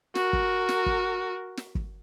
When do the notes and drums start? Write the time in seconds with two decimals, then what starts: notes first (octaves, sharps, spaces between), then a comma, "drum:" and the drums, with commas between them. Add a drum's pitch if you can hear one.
0.15 F#4 A#4, drum: snare
0.33 drum: kick
0.69 drum: snare
0.86 drum: kick
1.57 drum: snare
1.75 drum: kick